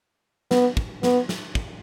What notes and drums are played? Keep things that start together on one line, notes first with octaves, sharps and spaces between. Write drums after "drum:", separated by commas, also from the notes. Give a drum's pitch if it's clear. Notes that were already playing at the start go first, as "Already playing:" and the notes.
B3, drum: snare
drum: kick
B3, drum: snare
drum: snare
drum: kick